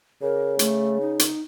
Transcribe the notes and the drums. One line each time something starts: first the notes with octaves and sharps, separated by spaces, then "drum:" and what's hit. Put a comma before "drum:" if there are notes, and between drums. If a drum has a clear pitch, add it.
C#3 A#4
A3, drum: hi-hat
D#4
drum: hi-hat